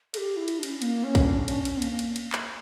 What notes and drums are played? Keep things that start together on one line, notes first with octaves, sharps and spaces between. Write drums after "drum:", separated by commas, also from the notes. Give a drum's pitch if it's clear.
A4, drum: cymbal
G4
E4
drum: cymbal
D4
C#4, drum: cymbal
A#3, drum: cymbal
C#4
drum: kick, cymbal
D4
C#4, drum: cymbal
drum: cymbal
A#3, drum: cymbal
drum: cymbal
drum: cymbal
drum: clap